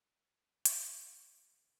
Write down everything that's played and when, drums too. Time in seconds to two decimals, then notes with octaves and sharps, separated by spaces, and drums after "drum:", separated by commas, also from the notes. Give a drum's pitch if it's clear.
0.65 B3, drum: hi-hat